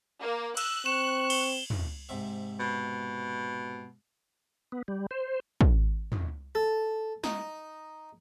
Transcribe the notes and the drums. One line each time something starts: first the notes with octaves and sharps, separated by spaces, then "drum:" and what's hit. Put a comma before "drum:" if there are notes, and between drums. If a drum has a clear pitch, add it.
A#3
E6 F#6, drum: cymbal
C4 C#6 E7
G7, drum: cymbal
drum: tom
G#2 C3 E5
B2
B3
G3
C5
drum: kick
drum: tom
A4
D#4, drum: snare